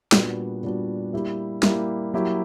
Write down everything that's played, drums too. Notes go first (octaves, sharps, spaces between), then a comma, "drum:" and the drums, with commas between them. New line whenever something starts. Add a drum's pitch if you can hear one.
A#2 G3 B3 D4 F#4, drum: snare
A#2 G3 B3 D4 F#4
G3 A#3 E4 G4
G3 A#3 E4 G4, drum: snare
F#3 A#3 E4 G4